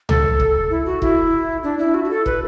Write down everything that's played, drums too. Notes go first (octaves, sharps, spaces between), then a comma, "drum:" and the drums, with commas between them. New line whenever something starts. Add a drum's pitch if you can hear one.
A4, drum: tom C#2
drum: kick
E4
F#4
E4, drum: kick
D4
E4
F#4
F#4
A4
B4, drum: kick